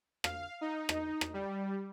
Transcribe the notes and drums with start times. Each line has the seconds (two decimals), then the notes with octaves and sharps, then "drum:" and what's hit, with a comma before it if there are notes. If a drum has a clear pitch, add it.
0.24 F5, drum: rim click
0.61 D#4
0.89 drum: rim click
1.21 drum: rim click
1.34 G3